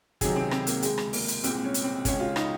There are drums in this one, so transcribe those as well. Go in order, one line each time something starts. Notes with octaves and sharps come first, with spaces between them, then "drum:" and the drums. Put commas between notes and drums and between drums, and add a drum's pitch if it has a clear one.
C#2 C3 D#3 F#3 G#4, drum: kick, hi-hat
C4
C4, drum: rim click
A#3, drum: hi-hat
D#2 C#3 G#3, drum: hi-hat
drum: rim click
A#3, drum: open hi-hat
drum: hi-hat
C2 A#2 G#3 C4, drum: hi-hat
C#4
drum: hi-hat
C4
C#2 C#3 G#3 C#4, drum: kick, hi-hat
F4
D#4, drum: rim click